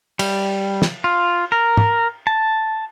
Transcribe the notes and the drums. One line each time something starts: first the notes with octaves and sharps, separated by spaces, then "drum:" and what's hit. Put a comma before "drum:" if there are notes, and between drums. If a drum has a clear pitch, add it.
G3, drum: cymbal
drum: snare
F4
A#4
drum: tom
A5